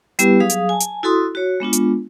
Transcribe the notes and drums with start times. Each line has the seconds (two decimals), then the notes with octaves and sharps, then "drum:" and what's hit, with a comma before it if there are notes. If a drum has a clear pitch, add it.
0.19 G3 B3 E4 G4 B4, drum: hi-hat
0.40 F#3 G#4 F5 D#6
0.50 drum: hi-hat
0.69 G#5 A5
0.80 drum: hi-hat
1.03 E4 F#4 A4 C6 D#6
1.35 F#4 C#5
1.60 G#3 B3 D4 F4
1.73 drum: hi-hat